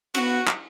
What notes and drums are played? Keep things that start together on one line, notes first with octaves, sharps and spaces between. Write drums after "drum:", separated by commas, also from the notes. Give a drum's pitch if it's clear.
B3 C#4 F#4, drum: cymbal
drum: clap